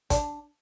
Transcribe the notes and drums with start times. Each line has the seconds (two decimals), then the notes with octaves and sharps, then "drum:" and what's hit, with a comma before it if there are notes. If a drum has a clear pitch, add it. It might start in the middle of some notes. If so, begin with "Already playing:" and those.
0.10 D4, drum: kick, hi-hat